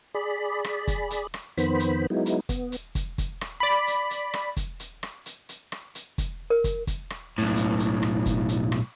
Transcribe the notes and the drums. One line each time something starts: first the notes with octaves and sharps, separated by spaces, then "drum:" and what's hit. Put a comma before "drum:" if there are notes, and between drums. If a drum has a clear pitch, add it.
G#4 D5 B5
drum: rim click
drum: kick, hi-hat
drum: hi-hat
drum: rim click
F2 D#3 B3 C5 B5, drum: hi-hat
drum: hi-hat
F#3 G#3 B3 D#4 E4
drum: hi-hat
B3, drum: kick, hi-hat
drum: hi-hat
drum: kick, hi-hat
drum: kick, hi-hat
drum: rim click
D5 B5
drum: hi-hat
drum: hi-hat
drum: rim click
drum: kick, hi-hat
drum: hi-hat
drum: rim click
drum: hi-hat
drum: hi-hat
drum: rim click
drum: hi-hat
drum: kick, hi-hat
A#4
drum: kick, hi-hat
drum: kick, hi-hat
drum: rim click
B1 A2
drum: hi-hat
drum: hi-hat
drum: rim click
drum: kick, hi-hat
drum: hi-hat
drum: rim click